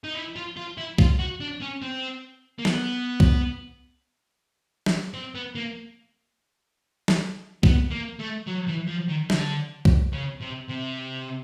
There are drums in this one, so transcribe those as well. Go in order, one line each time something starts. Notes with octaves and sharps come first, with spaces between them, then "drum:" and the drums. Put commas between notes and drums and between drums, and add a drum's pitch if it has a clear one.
D#4
E4
F4
F4
E4
F4, drum: kick C2
F#4
D4
C#4
C4
A#3
B3, drum: snare
drum: kick C2
drum: snare
C4
B3
A#3
drum: snare
B3, drum: kick C2
A#3
A3
F#3
E3
F3
D#3
D3, drum: snare
drum: kick C2
C#3
C3
C3